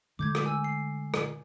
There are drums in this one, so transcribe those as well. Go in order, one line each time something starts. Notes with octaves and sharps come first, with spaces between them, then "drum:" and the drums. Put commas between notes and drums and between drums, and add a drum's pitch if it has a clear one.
D3 G#3 A3 D6 G6 G#6
drum: rim click
G#5 E6
C7
drum: rim click